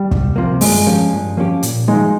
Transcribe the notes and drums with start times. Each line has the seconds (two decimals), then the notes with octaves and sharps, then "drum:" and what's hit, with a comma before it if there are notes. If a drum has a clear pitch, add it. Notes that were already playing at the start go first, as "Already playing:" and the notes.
Already playing: G3
0.11 C2, drum: kick
0.36 C3 F3 A#3
0.61 G2 G#3, drum: open hi-hat
0.86 F3 A#3 C#4 G4
1.12 G2
1.37 F3 A#3 C#4 G4
1.63 A#2, drum: hi-hat
1.88 F3 G#3 A#3 D#4